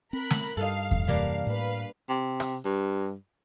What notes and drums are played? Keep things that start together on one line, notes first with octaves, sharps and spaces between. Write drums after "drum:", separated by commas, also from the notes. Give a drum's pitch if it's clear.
C4 A#4 B5 F#6
drum: snare
G2 D#4 A4 F5
drum: kick E2
F#2 C3 E3 G3 A#3 D4 F5
A2 B4 F5
C3
drum: rim click
G2